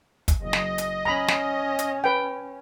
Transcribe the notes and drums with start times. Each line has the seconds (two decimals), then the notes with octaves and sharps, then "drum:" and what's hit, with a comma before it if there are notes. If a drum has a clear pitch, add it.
0.28 drum: kick, hi-hat
0.40 F#1 D#5
0.53 drum: snare
0.78 drum: hi-hat
1.05 C#4 A#5 B5
1.28 drum: snare
1.79 drum: hi-hat
2.04 B4 G5